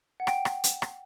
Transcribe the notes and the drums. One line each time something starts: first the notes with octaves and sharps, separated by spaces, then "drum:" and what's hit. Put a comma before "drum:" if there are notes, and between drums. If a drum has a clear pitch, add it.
F#5
G5, drum: rim click
drum: rim click
drum: hi-hat
drum: rim click